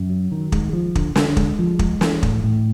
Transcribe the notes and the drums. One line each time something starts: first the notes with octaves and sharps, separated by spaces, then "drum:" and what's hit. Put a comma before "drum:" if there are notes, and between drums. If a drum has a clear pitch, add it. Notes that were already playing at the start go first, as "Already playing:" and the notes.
Already playing: F#2
F#3
D#3
G#3, drum: kick
F3
D3, drum: kick
D3, drum: snare
G#3, drum: kick
F3
G#3, drum: kick
E3, drum: snare
A2, drum: kick
A2